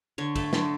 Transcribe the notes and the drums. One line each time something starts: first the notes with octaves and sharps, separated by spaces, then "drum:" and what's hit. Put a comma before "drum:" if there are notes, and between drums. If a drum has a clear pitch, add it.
D3 C#5
A3, drum: kick, cymbal
D3, drum: snare